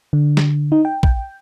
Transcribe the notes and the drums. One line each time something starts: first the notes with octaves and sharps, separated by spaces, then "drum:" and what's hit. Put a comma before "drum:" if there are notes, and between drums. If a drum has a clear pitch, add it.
D3
drum: snare
D#4
G5
G5, drum: kick